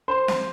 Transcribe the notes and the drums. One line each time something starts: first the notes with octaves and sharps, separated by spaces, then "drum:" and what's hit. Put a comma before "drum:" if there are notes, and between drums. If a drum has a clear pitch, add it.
C5
drum: snare